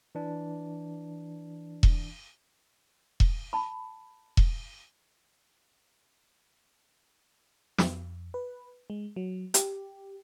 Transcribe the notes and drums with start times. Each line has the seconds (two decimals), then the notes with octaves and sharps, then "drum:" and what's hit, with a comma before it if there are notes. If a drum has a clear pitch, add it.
0.15 E3 D4
1.83 drum: kick E1
3.20 drum: kick E1
3.53 A5 B5
4.37 drum: kick E1
7.78 F2, drum: snare
8.34 B4
8.90 G#3
9.16 F#3
9.54 G4, drum: hi-hat